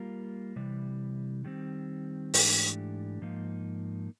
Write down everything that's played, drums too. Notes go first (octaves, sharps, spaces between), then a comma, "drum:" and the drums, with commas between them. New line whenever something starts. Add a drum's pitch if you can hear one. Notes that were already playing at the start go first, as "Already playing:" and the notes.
Already playing: G3 A#3 F4 A#4
C3 E3 G3
D#3 G3 C4
G#2 E3 A3 D4 G4, drum: open hi-hat
G#2 F3 A#3 D#4